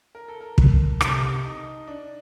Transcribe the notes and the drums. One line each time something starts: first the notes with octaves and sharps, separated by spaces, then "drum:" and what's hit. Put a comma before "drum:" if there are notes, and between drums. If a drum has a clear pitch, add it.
A#4
A4
A#4
drum: kick
C3 A4, drum: rim click
D#4
D4